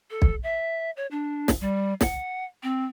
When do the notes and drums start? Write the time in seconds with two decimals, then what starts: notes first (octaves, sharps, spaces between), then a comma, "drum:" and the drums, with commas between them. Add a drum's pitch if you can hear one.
0.11 A4
0.22 drum: kick B1
0.43 E5
0.97 C#5
1.11 D4
1.48 drum: snare
1.61 G3
2.01 F#5, drum: snare
2.63 C4